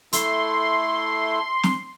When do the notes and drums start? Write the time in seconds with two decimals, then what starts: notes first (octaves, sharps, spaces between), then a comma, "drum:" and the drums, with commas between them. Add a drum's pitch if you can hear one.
0.13 A3 E4 A4 C6, drum: hi-hat
1.63 drum: snare